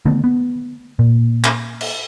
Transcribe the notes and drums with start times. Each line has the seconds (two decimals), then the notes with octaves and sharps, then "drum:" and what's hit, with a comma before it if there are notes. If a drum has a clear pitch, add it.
0.05 D3 D#3 A3 B3
0.24 B3
0.99 A#2
1.44 drum: clap
1.81 drum: cymbal